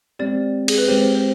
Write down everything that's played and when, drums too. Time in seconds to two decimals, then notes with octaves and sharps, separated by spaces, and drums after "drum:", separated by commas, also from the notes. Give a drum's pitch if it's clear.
0.19 G#3 C4 G4 D5
0.68 G#4, drum: cymbal
0.78 B4
0.88 G#3 C4 G4 C5
1.15 C5